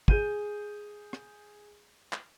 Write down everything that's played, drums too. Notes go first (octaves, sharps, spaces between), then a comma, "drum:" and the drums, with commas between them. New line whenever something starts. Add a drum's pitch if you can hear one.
G#4 G6 D#7, drum: kick
drum: rim click
drum: clap